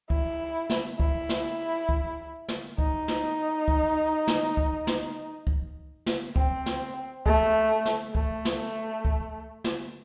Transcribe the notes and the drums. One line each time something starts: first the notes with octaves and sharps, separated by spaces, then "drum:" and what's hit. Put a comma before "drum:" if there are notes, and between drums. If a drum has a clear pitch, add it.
E4, drum: kick
drum: snare
E4, drum: kick
drum: snare
drum: kick
drum: snare
D#4, drum: kick
drum: snare
drum: kick
drum: snare
drum: kick
drum: snare
drum: kick
drum: snare
C4, drum: kick
drum: snare
A3, drum: kick
drum: snare
A3, drum: kick
drum: snare
drum: kick
drum: snare